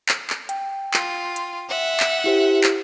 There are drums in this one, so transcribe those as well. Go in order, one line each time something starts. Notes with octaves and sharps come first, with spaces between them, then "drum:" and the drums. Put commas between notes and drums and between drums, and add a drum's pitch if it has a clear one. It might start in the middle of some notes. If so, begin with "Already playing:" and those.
drum: clap
drum: clap
G5, drum: hi-hat
F4, drum: clap
drum: hi-hat
E5 F#5
drum: clap
E4 G4 C5
drum: clap